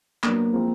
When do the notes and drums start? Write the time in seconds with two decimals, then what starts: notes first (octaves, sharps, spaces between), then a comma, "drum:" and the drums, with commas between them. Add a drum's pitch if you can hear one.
0.23 F#3 A#3 B3 D4, drum: clap
0.53 F3 G#3 C4 F4 A#4